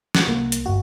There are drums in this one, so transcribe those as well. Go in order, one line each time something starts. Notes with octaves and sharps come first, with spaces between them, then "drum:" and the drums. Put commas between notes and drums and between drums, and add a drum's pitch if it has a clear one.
F3 F#4 F#6, drum: snare
C2 A#3
drum: hi-hat
G1 F#4